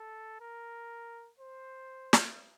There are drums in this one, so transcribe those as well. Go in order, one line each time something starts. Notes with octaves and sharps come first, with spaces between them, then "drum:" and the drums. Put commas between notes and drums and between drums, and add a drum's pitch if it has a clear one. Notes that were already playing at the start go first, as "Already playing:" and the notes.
Already playing: A4
A#4
C5
drum: snare